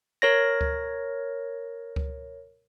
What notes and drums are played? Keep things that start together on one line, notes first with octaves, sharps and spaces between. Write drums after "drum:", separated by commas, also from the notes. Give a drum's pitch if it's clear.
A#4 C#5 A#6
drum: kick C#2
drum: kick C#2